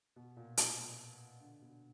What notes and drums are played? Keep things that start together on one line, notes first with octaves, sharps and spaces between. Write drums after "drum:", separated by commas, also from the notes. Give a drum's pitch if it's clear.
B2
A#2
B2, drum: hi-hat
D3
B2